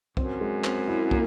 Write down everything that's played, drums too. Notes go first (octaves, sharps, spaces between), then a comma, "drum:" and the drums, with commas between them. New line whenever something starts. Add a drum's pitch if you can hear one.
F#2 C4, drum: kick
G#3
C4, drum: clap
E4
A#3, drum: kick